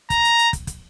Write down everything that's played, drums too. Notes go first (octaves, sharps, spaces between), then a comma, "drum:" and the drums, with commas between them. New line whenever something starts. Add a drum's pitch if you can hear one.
A#5, drum: kick, hi-hat
drum: hi-hat
drum: hi-hat
drum: kick, hi-hat
drum: kick, hi-hat